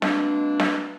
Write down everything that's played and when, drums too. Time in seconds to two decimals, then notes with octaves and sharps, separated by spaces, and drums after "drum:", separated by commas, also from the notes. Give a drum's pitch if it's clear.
0.02 B2 G#3 A#3 C4 D4, drum: snare
0.60 drum: snare